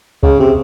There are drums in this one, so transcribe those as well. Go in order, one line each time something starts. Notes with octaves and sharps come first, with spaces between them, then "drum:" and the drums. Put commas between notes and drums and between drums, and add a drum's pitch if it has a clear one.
C#3, drum: kick C#2
C3